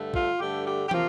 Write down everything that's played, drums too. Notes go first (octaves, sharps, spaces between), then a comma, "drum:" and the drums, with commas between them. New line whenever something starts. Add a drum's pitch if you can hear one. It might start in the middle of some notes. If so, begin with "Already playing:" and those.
Already playing: G2 D3 A3
F4, drum: kick
G2 D3 A3 G4
G4
G4
C3 F3 A#3 F4, drum: tom